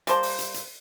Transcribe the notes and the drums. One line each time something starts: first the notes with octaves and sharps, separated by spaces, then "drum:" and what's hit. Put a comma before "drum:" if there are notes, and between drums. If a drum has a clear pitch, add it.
G3 A#3 C5 A5, drum: hi-hat
drum: open hi-hat
drum: hi-hat
drum: hi-hat